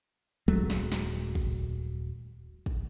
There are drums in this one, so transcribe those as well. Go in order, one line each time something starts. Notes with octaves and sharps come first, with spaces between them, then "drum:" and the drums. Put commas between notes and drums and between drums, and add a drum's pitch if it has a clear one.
D#1 F#3 G#3 A3, drum: kick
drum: snare
drum: snare
drum: kick
drum: kick